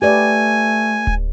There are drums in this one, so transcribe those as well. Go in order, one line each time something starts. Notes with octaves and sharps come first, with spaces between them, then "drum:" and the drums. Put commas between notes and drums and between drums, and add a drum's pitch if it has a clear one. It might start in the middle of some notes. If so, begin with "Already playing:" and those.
A3 G4 B4 D5 G#5
drum: kick D1